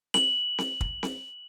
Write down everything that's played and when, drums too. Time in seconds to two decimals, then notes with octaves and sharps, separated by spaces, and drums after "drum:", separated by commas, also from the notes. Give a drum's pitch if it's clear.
0.14 F#7, drum: snare C4
0.58 drum: snare C4
0.81 drum: kick
1.03 drum: snare C4